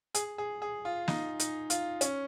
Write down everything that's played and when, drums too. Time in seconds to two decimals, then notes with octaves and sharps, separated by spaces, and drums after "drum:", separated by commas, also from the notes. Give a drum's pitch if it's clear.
0.14 G#4, drum: hi-hat
0.38 G#4
0.62 G#4
0.85 F4
1.08 D#4, drum: snare
1.40 D#4, drum: hi-hat
1.70 F4, drum: hi-hat
2.01 C#4, drum: hi-hat